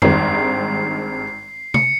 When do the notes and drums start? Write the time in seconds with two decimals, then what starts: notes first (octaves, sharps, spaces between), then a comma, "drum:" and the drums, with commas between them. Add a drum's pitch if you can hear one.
0.02 G#1 G2 D#3 G#3 C4 C7, drum: tom F2
1.74 C#7, drum: tom C3